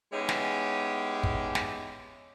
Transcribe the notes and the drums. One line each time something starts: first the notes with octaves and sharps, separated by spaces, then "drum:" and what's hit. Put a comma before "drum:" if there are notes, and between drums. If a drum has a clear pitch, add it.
G#3 B3 C#4 D#4 E4 G4
drum: snare
drum: kick
drum: snare